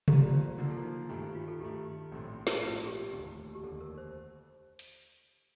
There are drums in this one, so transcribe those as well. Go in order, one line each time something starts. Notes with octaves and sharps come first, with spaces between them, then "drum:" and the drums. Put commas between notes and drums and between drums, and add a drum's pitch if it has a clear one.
D3 F3 A#3 G4, drum: tom C3
D5
C5
D3 F3 A#3 A#4
A4
D#4
G2 D#3 A3 D4
D#4
F4
A4
G2 D#3 A3 G4
A#1 A2 A3 C4
drum: snare
A#1 A2 A3 C4 F4
G4
F1 D#2 D3
G4
F1 D#2 D3 A4
A#4
C5
drum: hi-hat